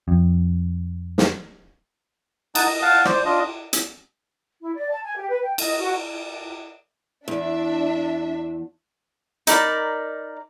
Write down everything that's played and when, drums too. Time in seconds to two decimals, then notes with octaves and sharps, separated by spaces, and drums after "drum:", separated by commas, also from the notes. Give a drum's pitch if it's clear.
0.08 F2
1.18 drum: snare
2.55 D#4 F#5 A5 D#6, drum: cymbal
2.67 D#5
2.82 F5 F#5 A5
3.05 C5 D5, drum: rim click
3.25 D4 F4 D#5
3.73 drum: hi-hat
4.62 E4
4.74 D5
4.89 A5
5.03 G#5
5.16 G4
5.29 B4
5.43 G5
5.58 D#5, drum: cymbal
5.78 F#4
7.28 E2 D4 E5
9.47 D#4 A#4 D5 B5, drum: hi-hat